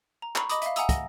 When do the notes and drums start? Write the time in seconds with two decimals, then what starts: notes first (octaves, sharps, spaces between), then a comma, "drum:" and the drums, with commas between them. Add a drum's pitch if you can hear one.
0.22 A#5
0.36 A#5 B5 C#6, drum: clap
0.50 D#5 B5 D6 D#6, drum: hi-hat
0.62 E5 F5, drum: hi-hat
0.76 F#5 G#5 A#5 D#6 E6, drum: hi-hat
0.89 A#6, drum: kick, hi-hat